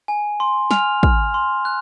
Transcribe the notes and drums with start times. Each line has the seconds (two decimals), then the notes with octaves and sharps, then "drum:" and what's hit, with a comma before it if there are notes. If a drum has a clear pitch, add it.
0.08 G#5
0.40 C6
0.71 G#5 F6 F7, drum: snare
1.03 F6, drum: kick
1.34 C6
1.65 F#6